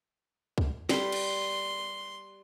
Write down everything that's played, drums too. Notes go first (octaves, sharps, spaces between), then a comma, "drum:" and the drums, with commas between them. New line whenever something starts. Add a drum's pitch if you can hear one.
drum: kick
G3 B4 C6, drum: snare
drum: cymbal